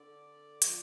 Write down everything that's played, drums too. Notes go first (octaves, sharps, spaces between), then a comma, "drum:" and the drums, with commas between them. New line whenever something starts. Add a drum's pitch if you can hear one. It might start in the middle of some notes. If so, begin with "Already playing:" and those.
Already playing: D3 D5
F3, drum: hi-hat